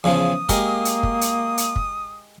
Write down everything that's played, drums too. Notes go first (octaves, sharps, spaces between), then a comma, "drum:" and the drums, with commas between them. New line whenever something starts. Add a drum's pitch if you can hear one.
E2 C#3 F3 D#6
G#3 A#3 G4 A#4, drum: kick, hi-hat
drum: hi-hat
drum: kick
drum: hi-hat
drum: hi-hat
drum: kick